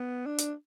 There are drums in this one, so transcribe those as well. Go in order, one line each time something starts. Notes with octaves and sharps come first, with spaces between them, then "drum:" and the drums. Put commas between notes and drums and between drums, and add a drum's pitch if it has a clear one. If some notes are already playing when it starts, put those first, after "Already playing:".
Already playing: B3
D4
drum: hi-hat